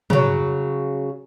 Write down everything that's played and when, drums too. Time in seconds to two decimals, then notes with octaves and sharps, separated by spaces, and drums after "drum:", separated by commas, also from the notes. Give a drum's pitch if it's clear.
0.10 C#3 F#3, drum: tom